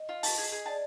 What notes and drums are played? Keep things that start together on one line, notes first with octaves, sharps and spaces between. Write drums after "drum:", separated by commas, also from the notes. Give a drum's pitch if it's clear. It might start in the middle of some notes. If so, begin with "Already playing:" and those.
Already playing: D#5
F4
A5, drum: open hi-hat
G#4
G#4
D5 A5